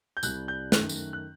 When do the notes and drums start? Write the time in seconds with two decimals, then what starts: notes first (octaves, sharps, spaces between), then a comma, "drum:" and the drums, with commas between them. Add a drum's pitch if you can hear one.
0.17 G6
0.23 C2 C3 G3 F#6, drum: tambourine
0.48 G6
0.72 F#2 D#3 A3 F#6, drum: snare
0.89 drum: tambourine
1.13 F#6